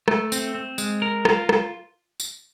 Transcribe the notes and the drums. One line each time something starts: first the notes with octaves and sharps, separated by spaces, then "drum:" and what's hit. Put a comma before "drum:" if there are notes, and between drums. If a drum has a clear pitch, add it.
A3, drum: rim click
C4, drum: tambourine
C4
G#3, drum: tambourine
A#4
F4, drum: rim click
drum: rim click
drum: tambourine